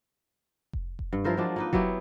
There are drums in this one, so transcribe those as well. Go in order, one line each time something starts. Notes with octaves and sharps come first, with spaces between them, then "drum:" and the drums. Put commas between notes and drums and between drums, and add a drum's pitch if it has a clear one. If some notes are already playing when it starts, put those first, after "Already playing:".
drum: kick F1
drum: kick F1
G2
F3 E4 A#4 C5
F3 F#3 G#3 D4
A#3 D#4 B4
F#3 B3 E4 G4, drum: kick F1